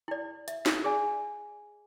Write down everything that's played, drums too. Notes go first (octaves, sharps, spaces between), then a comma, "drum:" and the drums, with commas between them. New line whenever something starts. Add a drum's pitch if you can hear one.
E4 D5
E5, drum: hi-hat
drum: snare
G#4 D5 G#5